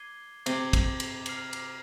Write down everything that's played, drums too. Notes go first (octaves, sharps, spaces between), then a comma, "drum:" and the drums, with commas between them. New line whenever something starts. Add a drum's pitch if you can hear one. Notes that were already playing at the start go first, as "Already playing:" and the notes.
Already playing: D6 G#6 C7 D#7 G7
C3 D6 G#6 C7 D#7 G7, drum: cymbal
drum: kick, cymbal
drum: cymbal
F6 C7 F7, drum: cymbal
drum: cymbal